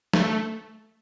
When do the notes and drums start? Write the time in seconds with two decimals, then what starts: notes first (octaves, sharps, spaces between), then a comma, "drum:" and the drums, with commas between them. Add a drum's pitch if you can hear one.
0.13 A3, drum: snare